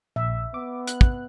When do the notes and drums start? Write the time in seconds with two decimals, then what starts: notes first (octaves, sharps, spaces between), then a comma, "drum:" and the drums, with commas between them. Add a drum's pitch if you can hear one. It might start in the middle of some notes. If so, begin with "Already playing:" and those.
0.16 A#1 E5
0.54 B3 D6
0.87 F#6, drum: hi-hat
1.01 drum: kick